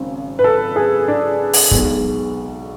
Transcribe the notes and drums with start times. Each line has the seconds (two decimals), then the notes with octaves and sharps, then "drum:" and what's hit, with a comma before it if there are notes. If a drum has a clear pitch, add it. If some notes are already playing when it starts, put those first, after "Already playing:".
Already playing: G#1 F#2 C#3
0.39 B4
0.44 A4
0.76 G#4
1.08 D4
1.53 drum: open hi-hat
1.71 B1 B2 G#3, drum: kick